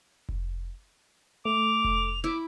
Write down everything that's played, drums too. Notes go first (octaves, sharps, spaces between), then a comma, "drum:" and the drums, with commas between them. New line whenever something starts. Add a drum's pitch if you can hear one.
drum: kick F1
A3 D6 F7
drum: kick F1
E4 D6